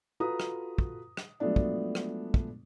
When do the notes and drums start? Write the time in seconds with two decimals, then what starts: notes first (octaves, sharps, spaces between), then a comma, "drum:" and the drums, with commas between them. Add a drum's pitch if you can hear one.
0.20 F4 F#4 A4 B4 A#5 D#6
0.40 drum: rim click
0.78 drum: kick
1.17 drum: rim click
1.40 F3 F#3 G#3 A3 B3 D4
1.56 drum: kick
1.95 drum: rim click
2.34 drum: kick